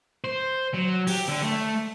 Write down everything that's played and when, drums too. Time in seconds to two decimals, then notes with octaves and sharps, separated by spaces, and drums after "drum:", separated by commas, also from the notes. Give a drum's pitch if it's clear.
0.24 C5
0.74 F#3
1.07 G4, drum: open hi-hat
1.28 D3
1.43 A3